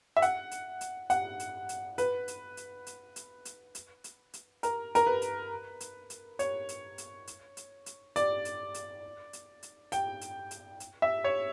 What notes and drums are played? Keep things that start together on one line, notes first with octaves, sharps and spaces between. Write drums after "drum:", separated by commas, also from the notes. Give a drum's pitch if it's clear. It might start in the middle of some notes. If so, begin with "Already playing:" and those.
E5
F#5, drum: hi-hat
drum: hi-hat
drum: hi-hat
F#5, drum: hi-hat
drum: hi-hat
drum: hi-hat
B4, drum: hi-hat
drum: hi-hat
drum: hi-hat
drum: hi-hat
drum: hi-hat
drum: hi-hat
drum: hi-hat
drum: hi-hat
drum: hi-hat
A#4, drum: hi-hat
A#4, drum: hi-hat
B4
drum: hi-hat
drum: hi-hat
drum: hi-hat
C#5, drum: hi-hat
drum: hi-hat
drum: hi-hat
drum: hi-hat
drum: hi-hat
drum: hi-hat
D5, drum: hi-hat
drum: hi-hat
drum: hi-hat
drum: hi-hat
drum: hi-hat
G5, drum: hi-hat
drum: hi-hat
drum: hi-hat
drum: hi-hat
E5
C#5